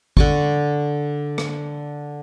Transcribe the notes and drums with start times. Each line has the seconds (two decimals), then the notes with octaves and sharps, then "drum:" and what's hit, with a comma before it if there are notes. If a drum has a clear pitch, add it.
0.17 D3 D5 C#6, drum: kick
1.38 drum: rim click